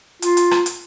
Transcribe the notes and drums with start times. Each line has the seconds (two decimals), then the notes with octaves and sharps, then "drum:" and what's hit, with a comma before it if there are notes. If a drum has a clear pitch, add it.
0.22 F4, drum: hi-hat
0.37 drum: hi-hat
0.51 drum: rim click
0.66 drum: hi-hat